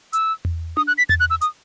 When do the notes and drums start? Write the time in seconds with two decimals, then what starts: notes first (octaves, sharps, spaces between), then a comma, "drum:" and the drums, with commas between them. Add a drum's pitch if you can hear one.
0.13 E6, drum: hi-hat
0.45 drum: tom E2
0.77 D#6, drum: tom D4
0.87 F#6
0.98 B6
1.09 A6, drum: tom E2
1.20 F#6
1.30 E6
1.41 D#6, drum: hi-hat